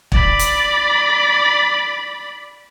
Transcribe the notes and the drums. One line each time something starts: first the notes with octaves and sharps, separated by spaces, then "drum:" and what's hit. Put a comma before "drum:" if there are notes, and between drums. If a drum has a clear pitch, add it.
D5 B5, drum: kick
drum: hi-hat